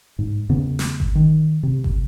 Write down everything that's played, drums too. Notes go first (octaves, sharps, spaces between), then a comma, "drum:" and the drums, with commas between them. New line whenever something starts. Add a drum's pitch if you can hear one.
G#2
E2 C#3 B3
drum: snare
drum: kick G1
D#3
C3
drum: kick G1